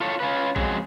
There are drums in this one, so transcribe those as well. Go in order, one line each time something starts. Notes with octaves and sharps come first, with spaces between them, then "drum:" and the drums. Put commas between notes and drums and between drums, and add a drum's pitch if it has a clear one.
F4 A4 C#5
C#4 F4 B4
F2 C#3 F#3 G#3 G#4, drum: kick